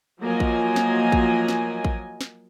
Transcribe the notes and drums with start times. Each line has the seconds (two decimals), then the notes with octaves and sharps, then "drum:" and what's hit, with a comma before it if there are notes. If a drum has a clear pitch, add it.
0.22 F3 F#3 A#3 D#5 G#5
0.40 drum: kick A1
0.76 drum: snare
1.12 drum: kick A1
1.48 drum: snare
1.84 drum: kick A1
2.21 drum: snare